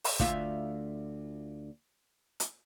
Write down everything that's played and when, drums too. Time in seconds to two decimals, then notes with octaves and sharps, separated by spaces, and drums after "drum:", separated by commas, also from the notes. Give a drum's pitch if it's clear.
0.04 drum: open hi-hat
0.20 D2 F4 E5, drum: kick
2.40 drum: hi-hat